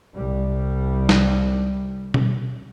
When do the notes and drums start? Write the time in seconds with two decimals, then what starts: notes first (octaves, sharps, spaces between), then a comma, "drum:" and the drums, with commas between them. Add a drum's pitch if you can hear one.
0.17 C2 G3
1.09 drum: snare
2.14 drum: tom B2